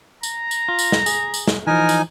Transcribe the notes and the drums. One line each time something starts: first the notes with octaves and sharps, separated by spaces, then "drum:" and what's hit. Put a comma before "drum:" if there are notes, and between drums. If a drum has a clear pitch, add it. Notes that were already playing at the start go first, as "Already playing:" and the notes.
A#5, drum: tambourine
drum: tambourine
F4
drum: tambourine
drum: snare
G#4, drum: tambourine
drum: tambourine
drum: snare
E3 F3 D#4 A#4 G#5
drum: tambourine